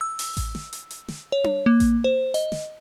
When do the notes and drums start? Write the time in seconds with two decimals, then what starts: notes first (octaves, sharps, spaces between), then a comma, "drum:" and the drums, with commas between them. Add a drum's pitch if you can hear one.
0.01 E6
0.19 drum: open hi-hat
0.37 drum: kick A1, hi-hat
0.55 drum: snare
0.73 drum: hi-hat
0.90 drum: hi-hat
1.08 drum: snare
1.32 C#5
1.44 drum: tom D4
1.66 A#3
1.80 drum: kick A1, hi-hat
2.04 C5
2.34 D#5, drum: hi-hat
2.52 drum: snare